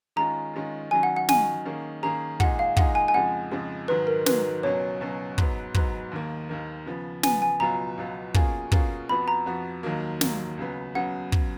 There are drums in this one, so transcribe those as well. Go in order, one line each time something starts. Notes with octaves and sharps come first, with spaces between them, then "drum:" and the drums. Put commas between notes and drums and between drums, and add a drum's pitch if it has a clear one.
D#3 G#3 C#4 F4 A#5
D#3 G#3 C#4 F4
D#3 F#3 C#4 G#5
F#5
F#5
D#3 F#3 C#4 G#5, drum: snare
D#3 A#3 C#4 G#4
D#3 A#3 C#4 G#4 A#5
A#2 G#3 D#4 G#4 F#5, drum: kick
F5
A#2 G#3 D#4 G#4 F#5, drum: kick
G#5
G#5
F2 C#3 F3 G#3 F#5
F2 C#3 F3 G#3
G#2 D#3 F#3 B4
A#4
G#2 D#3 F#3 B4, drum: snare
C#2 B2 F#3 C#4 C#5
C#2 B2 F#3 C#4
G#2 F#3 B3, drum: kick
G#2 F#3 B3, drum: kick
D#2 D#3 A#3
D#2 D#3 A#3
C#3 F3 B3
C#3 F3 B3 G#5, drum: snare
G#5
C#2 B2 F#3 B3 F4 A#5
C#2 B2 F#3 B3 F4
B2 A#3 C#4 F4 G#4, drum: kick
B2 A#3 C#4 F4 G#4, drum: kick
F2 F3 B3 F#4 B5
A#5
F2 F3 B3 F#4
D#2 D#3 F#3 A#3
D#2 D#3 F#3 A#3, drum: snare
C#2 C#3 F#3 B3
C#3 F#3 B3 F#5
drum: kick